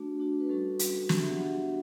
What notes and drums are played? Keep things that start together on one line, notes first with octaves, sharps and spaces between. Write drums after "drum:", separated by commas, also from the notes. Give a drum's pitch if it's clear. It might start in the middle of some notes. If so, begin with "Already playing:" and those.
Already playing: A3 D4 F#4
A3 D4 F#4
B4
G3 C#4 F#4 A4
G3 C#4 F#4, drum: hi-hat
B3 D4 F#4 G4, drum: snare
E5
F#5
B3 D4 F#4 E5